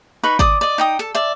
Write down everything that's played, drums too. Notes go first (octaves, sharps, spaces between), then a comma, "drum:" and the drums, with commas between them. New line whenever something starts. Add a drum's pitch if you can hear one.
D#4 B4 B5 C#6
D5 D6 D#6, drum: kick
D5 D#5
D#4 G5 D#6
A4
D5 E5